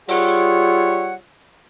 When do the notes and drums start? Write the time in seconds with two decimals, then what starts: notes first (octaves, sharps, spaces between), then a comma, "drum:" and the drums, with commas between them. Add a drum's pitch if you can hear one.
0.09 G3 F4 G#4 C#5 E5 F#5, drum: open hi-hat